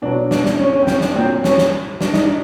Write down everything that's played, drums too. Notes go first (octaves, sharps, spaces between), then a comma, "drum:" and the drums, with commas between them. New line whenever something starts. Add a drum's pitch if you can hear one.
B2 F#3 D4
D4, drum: snare
D4, drum: snare
C#4
C#4
C4
C#4, drum: snare
D4, drum: snare
A#2 F#3 C4
C#4, drum: snare
drum: snare
D4, drum: snare
D#4, drum: snare
D4